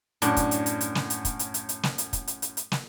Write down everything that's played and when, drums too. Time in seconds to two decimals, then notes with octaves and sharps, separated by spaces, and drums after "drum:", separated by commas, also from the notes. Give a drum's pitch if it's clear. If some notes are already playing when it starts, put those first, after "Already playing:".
0.22 F#2 A2 D4, drum: hi-hat
0.37 drum: kick, hi-hat
0.51 drum: hi-hat
0.66 drum: hi-hat
0.81 drum: hi-hat
0.95 drum: snare
1.10 drum: hi-hat
1.25 drum: kick, hi-hat
1.39 drum: hi-hat
1.54 drum: hi-hat
1.69 drum: hi-hat
1.83 drum: snare
1.98 drum: hi-hat
2.13 drum: kick, hi-hat
2.27 drum: hi-hat
2.42 drum: hi-hat
2.57 drum: hi-hat
2.72 drum: snare